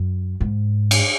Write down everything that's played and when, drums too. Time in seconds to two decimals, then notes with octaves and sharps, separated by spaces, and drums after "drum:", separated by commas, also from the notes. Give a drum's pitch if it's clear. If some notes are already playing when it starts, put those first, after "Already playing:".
Already playing: F#2
0.41 G#2
0.91 drum: cymbal